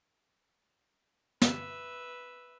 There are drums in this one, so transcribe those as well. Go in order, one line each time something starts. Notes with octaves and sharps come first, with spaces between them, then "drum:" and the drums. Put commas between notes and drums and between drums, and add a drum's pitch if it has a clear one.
B4 E5, drum: snare